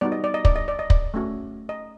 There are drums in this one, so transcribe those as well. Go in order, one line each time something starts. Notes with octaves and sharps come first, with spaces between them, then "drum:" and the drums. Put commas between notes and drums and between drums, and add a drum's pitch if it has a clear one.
G3 B3 D#4 F#4 D5
D#5
D5
D#5
D5, drum: kick
D#5
D5
D#5
D5, drum: kick
A3 C#4 F#4
D#5